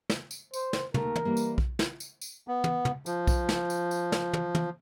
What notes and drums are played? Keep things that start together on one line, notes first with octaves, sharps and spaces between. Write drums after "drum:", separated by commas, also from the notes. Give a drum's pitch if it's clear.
drum: snare
drum: tambourine
C5, drum: tambourine
drum: snare
D#2 A3 A#4 F5, drum: tom
drum: tom
E3 G3 A#3
drum: tambourine
drum: kick B1
drum: snare
drum: tambourine
drum: tambourine
B3
drum: tom
drum: tom
F3, drum: tambourine
drum: kick B1, tambourine
drum: snare
drum: tambourine
drum: tambourine
drum: snare
drum: tom
drum: tom